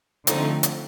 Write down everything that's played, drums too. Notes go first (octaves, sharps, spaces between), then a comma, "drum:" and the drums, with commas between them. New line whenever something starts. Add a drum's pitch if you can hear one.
D3 F3 A3 C4 D#4, drum: hi-hat
drum: hi-hat